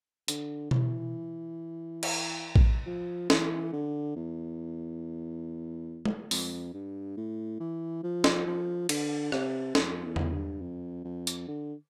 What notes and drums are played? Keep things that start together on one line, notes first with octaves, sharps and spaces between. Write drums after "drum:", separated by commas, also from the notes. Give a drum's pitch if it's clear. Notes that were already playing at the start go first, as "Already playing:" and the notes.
D3, drum: hi-hat
E3, drum: tom B2
drum: cymbal
drum: kick A#1
F3
E3, drum: snare
D3
E2
drum: tom G#3
F2, drum: open hi-hat
G2
A2
E3
F3
drum: snare
F3
D3, drum: cymbal
C3, drum: rim click
F2, drum: snare
E2
drum: tom E2
G2
F2
F2
drum: hi-hat
D3